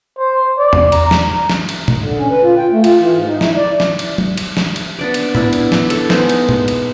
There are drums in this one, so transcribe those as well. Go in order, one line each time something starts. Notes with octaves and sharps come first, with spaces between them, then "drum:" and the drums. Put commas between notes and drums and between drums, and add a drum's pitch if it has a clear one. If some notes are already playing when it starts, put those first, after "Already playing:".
C5
D5
drum: tom E2
A#5, drum: cymbal
drum: snare
drum: snare
drum: cymbal
drum: tom A#2
D3
C#4
B4
F4
G5
A3
F4, drum: cymbal
E3
G#2
D#4
E4, drum: snare
D5
drum: snare
drum: cymbal
drum: tom F#3
drum: cymbal
drum: snare
drum: cymbal
B3 D4 D5
drum: cymbal
B3 D4 E4 E5, drum: tom A2
drum: cymbal
drum: snare
A4 C#5, drum: cymbal
G#3 B3 D#4 C5, drum: snare
drum: cymbal
drum: tom A#2
drum: cymbal